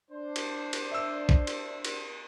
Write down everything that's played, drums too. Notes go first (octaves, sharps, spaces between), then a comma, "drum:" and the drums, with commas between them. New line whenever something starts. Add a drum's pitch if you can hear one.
D4 C5
drum: cymbal
drum: cymbal
E5 E6
drum: kick
drum: cymbal
drum: cymbal